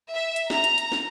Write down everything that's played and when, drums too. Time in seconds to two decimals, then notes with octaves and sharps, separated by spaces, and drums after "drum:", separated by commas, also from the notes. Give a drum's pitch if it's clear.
0.13 E5
0.36 drum: hi-hat
0.50 A#5, drum: snare
0.64 drum: hi-hat
0.78 drum: hi-hat
0.92 drum: snare